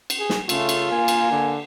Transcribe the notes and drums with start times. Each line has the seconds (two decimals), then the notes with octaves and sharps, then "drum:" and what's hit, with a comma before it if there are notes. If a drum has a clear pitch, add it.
0.10 drum: cymbal
0.19 G#4
0.30 drum: snare
0.49 C#3 A3 F4, drum: cymbal
0.69 drum: cymbal
0.92 A#3 G#5
1.08 drum: cymbal
1.32 D3